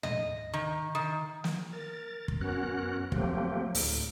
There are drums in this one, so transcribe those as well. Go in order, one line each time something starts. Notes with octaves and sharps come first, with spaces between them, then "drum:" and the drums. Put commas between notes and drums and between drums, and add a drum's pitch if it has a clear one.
D#5, drum: tom
D#3
D#3
drum: snare
A#4 A6
drum: kick
F#2 B3 C#4 F#4 A#4 F#6
F3 F#3 A3 A#3 C4 G4, drum: kick
D2 A2, drum: open hi-hat